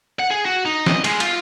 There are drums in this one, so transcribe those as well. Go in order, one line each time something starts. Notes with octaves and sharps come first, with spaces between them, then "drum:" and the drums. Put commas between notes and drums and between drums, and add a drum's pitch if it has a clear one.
F#5
G#4
F#4
D#4
D#5, drum: snare
G#3, drum: cymbal
F4, drum: cymbal